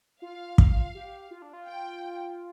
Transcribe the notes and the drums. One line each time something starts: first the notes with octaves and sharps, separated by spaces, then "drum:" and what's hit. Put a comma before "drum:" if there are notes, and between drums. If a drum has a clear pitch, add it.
F4 F5
drum: kick
G4
F4
D4
F4
G5